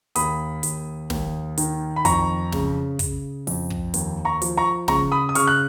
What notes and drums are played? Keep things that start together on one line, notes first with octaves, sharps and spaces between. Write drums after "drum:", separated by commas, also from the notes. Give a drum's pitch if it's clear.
D#2 B5 D#6, drum: hi-hat
D#2, drum: hi-hat
D#2, drum: snare
D#3, drum: hi-hat
B5
F2 A#5 C#6, drum: kick, hi-hat
C#3, drum: snare
C#3, drum: kick, hi-hat
F2, drum: open hi-hat
drum: kick
D#2, drum: hi-hat
A#5 C#6
F3, drum: hi-hat
A#5 C#6
C#3 A#5 C#6, drum: snare
B5 D#6
D#6
C#3 C#6 F6, drum: hi-hat
F#6